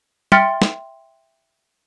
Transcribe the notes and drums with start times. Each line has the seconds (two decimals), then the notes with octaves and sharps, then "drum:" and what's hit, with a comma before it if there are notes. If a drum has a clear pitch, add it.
0.32 E5 G5 C6 F6 A6 C#7, drum: tom
0.62 drum: snare